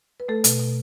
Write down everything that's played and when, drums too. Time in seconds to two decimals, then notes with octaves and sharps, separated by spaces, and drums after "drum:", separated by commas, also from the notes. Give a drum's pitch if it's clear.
0.20 B4
0.28 A3 A4
0.44 B2, drum: hi-hat
0.59 B2